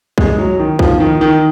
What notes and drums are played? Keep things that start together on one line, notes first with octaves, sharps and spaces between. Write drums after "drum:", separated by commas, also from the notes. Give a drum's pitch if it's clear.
G#3, drum: kick
F#3
D#3
F3, drum: kick
D#3
D#3